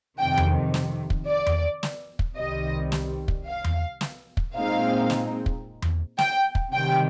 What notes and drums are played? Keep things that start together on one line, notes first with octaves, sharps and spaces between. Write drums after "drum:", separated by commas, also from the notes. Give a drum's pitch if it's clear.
F2 C3 D#3 G5
drum: tom E2
drum: snare
drum: kick
D5
drum: tom E2
drum: snare
drum: kick
C2 C3 D#3 G3 D#5
drum: snare
drum: kick
F5
drum: tom E2
drum: snare
drum: kick
A#2 G#3 C4 D#4 F5
drum: snare
drum: kick
drum: tom E2
G5, drum: snare
drum: kick
C3 D#3 G3 G5